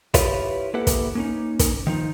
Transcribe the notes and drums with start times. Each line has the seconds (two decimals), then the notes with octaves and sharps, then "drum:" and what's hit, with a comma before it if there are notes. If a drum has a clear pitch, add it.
0.14 E4 F4 G4 B4 C#5 F5, drum: kick, hi-hat
0.74 A#3 E4 G4 A4 B4 F#5
0.87 drum: kick, hi-hat
1.15 A#3 C#4 D#4
1.59 drum: kick, hi-hat
1.87 D#3 F3 D#4